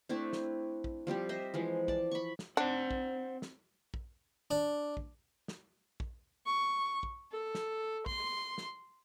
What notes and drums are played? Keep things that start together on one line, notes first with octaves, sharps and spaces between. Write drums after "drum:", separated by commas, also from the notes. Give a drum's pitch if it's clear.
A3 C4 D4 E4
drum: snare
drum: kick
F3 G3 C4 G4
C5 D#5 E5
E3 F3 G#3
D5 A5, drum: kick
B5 C#6
drum: snare
C4 D4 C5 F#5
drum: kick
drum: snare
drum: kick
D4
drum: kick
drum: snare
drum: kick
C#6
drum: kick
A4
drum: snare
C6, drum: kick
drum: snare